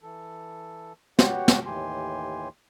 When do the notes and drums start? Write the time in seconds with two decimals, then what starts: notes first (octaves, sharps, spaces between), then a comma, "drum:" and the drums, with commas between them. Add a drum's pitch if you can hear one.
0.03 E3 A4
1.19 B3 F#4 G4 C#5 F#5 G5, drum: snare
1.48 drum: snare
1.66 D#2 A2 E3 G4 G#5 C6